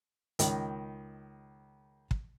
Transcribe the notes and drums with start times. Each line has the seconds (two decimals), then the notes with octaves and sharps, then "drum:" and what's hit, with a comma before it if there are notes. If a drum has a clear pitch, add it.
0.39 C#2 D#3, drum: hi-hat
2.11 drum: kick